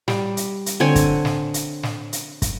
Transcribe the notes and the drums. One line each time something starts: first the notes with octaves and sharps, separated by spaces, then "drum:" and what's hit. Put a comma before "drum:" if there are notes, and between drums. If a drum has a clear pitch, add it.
G3, drum: snare
drum: hi-hat
drum: hi-hat
D3 C4 C#5 G#5
drum: kick, hi-hat
drum: snare
drum: hi-hat
drum: snare
drum: hi-hat
drum: kick, hi-hat